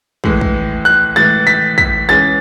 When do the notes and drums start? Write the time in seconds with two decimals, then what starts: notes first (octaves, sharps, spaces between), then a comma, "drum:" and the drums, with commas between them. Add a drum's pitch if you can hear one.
0.24 A2 E3 G#3, drum: kick
0.41 drum: kick
0.85 F#6
1.16 A2 E3 G#3 A6
1.47 B6
1.78 B6, drum: kick
2.09 E3 G#3 C#4 G#4 A6